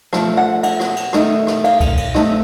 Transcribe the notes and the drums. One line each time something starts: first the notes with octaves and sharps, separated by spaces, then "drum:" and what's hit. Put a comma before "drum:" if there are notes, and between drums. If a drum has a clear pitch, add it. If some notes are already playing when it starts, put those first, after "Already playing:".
F3 A3, drum: rim click
F#5
F#5, drum: cymbal
drum: rim click
drum: cymbal
D#3 A3 D#4, drum: rim click
drum: rim click
F5, drum: cymbal
drum: kick C2, cymbal
drum: cymbal
A3 C4 D#4, drum: rim click